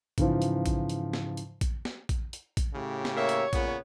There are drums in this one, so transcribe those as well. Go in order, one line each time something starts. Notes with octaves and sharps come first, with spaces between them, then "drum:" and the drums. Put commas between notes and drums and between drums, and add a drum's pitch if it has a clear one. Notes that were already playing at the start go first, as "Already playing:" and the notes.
G#2 C#3 E3 F3, drum: kick A#1, hi-hat
drum: hi-hat
drum: kick A#1, hi-hat
drum: hi-hat
drum: snare
drum: hi-hat
drum: kick A#1, hi-hat
drum: snare
drum: kick A#1, hi-hat
drum: hi-hat
drum: kick A#1, hi-hat
A2 C#3 G4
drum: snare
A#3 C#5 E5
drum: hi-hat
A#2 C#3 B3, drum: kick A#1, hi-hat